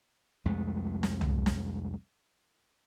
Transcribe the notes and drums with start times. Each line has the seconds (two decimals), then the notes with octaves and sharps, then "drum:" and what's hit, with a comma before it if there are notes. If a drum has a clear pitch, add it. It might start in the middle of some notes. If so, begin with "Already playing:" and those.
0.45 C2 F2 G#3 A3
1.03 drum: snare
1.21 drum: tom
1.46 drum: snare